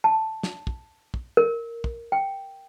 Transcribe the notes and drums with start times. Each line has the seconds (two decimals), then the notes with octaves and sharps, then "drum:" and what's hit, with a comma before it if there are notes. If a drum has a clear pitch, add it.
0.04 A5
0.43 drum: snare
0.67 drum: kick
1.14 drum: kick
1.37 A#4
1.84 drum: kick
2.12 G5